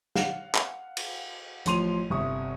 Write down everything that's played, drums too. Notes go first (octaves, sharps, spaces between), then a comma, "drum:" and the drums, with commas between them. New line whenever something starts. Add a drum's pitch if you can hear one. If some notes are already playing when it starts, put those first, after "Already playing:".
F5 F#5, drum: snare
drum: clap
drum: cymbal
A1 F3 C6 D#7 F7, drum: hi-hat
G1 C3 E5 C#6 D#6